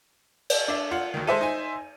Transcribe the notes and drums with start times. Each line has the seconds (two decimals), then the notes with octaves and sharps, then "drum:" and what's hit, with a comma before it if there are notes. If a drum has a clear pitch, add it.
0.50 drum: cymbal
0.68 D4 E5
0.91 F4 F#5
1.14 D2 D#3
1.27 G#3 A4 C5 E5 D#7
1.41 D#4 G#5